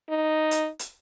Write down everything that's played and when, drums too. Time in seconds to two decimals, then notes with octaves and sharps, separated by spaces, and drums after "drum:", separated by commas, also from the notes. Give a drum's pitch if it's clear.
0.09 D#4
0.51 drum: hi-hat
0.79 drum: hi-hat